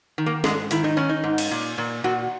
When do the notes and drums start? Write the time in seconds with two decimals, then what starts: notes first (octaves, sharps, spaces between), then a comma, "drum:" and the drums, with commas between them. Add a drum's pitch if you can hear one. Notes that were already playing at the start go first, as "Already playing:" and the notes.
0.18 D#3
0.26 A#3
0.44 G#2 G#3, drum: snare
0.71 D#3 E4, drum: hi-hat
0.84 D#4
0.97 D#3 C#4
1.09 D#4
1.24 G#2
1.38 drum: cymbal
1.51 A#2
1.78 A#2
2.04 A#2 F#4